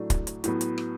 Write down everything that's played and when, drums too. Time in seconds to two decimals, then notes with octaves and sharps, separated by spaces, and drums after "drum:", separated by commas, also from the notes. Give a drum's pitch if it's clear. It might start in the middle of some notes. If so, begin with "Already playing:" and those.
Already playing: A2 F#3 A3 D4
0.10 drum: kick, hi-hat
0.27 drum: hi-hat
0.44 A2 F#3 B3, drum: hi-hat
0.61 drum: hi-hat
0.78 drum: rim click